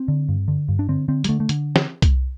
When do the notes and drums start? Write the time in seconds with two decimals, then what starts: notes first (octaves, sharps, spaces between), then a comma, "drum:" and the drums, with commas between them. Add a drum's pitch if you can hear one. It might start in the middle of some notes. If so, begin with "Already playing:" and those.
Already playing: C4
0.08 D3
0.29 G2
0.48 D3
0.68 G2
0.79 D4
0.89 D3 C4
1.08 D3 C4
1.24 G3, drum: hi-hat
1.29 D3 A3
1.40 A3
1.49 D3, drum: hi-hat
1.76 drum: snare
2.02 drum: kick C2, hi-hat